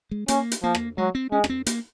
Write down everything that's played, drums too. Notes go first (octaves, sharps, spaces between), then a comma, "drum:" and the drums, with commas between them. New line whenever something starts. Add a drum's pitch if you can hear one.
G#3
A#3 C#4, drum: hi-hat
drum: hi-hat
F3 A#3
drum: rim click
F#3 G#3
C4
G#3 C#4
C#4, drum: rim click
C4
A#3, drum: hi-hat